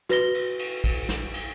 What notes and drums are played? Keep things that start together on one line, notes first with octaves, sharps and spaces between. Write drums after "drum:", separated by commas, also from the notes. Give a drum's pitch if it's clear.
F#4 B4 A#6 G7, drum: snare
drum: cymbal
drum: cymbal
drum: kick, cymbal
drum: snare
drum: cymbal